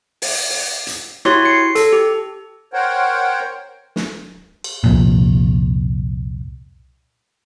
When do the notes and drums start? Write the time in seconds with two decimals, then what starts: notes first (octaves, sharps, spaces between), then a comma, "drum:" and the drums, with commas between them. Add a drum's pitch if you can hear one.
0.22 drum: open hi-hat
0.50 drum: open hi-hat
0.87 drum: hi-hat
1.25 E4 F#4 G4 C#5 C6, drum: rim click
1.45 C7 C#7
1.75 A4, drum: hi-hat
1.92 G4
2.73 A#4 C5 C#5 F#5 G5
3.96 drum: snare
4.64 drum: cymbal
4.84 C2 F2 A#2